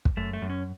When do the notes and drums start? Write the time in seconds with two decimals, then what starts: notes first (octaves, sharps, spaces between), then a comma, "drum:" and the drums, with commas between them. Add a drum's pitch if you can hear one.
0.05 drum: kick
0.17 F#2 A3
0.33 A3
0.42 F#2
0.50 C#4